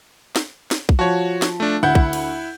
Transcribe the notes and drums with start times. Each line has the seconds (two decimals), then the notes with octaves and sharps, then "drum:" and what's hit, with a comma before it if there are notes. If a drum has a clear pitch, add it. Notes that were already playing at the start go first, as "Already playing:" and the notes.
0.36 drum: snare
0.71 drum: snare
0.89 drum: kick
0.99 F3 F#4 C#5
1.42 drum: snare
1.60 A3 D4
1.83 D2 E4 F#5 G6
1.95 drum: kick
2.13 drum: cymbal